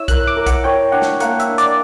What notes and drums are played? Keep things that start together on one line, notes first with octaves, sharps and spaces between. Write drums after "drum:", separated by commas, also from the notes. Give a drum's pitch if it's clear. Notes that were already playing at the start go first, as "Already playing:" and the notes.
Already playing: E4 C#5 E6
A#4 F#6, drum: kick B1, hi-hat
D6
A#4
F#5, drum: kick B1, hi-hat
C#5 G5
D4 F#5
drum: snare
A#3 F#5, drum: hi-hat
E5, drum: hi-hat
D4
D5, drum: hi-hat